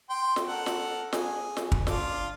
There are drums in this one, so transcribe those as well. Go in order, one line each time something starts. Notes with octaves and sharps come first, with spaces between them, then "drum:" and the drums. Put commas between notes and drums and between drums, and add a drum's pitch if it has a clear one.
G5 C6
drum: snare
A4 A#4 F#5
drum: snare
G#4, drum: snare
drum: snare
drum: kick
D4 F4, drum: snare